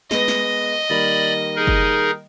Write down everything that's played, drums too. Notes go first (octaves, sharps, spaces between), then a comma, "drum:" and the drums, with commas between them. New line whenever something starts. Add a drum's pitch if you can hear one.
G#3 B3 B4 D#5, drum: snare
drum: snare
D#3 G3 A#3 D5 B5
D#4 G#4 A#4
drum: kick F#1